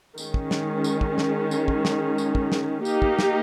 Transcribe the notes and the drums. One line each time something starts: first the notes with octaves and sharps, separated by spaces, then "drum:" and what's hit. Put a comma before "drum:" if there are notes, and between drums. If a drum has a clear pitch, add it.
D#3 G#3 C#4, drum: tambourine
drum: kick
drum: snare
drum: tambourine
drum: kick
drum: snare
drum: tambourine
drum: kick
drum: snare
drum: tambourine
drum: kick
drum: snare
A#3 D#4 G4, drum: tambourine
drum: kick
drum: snare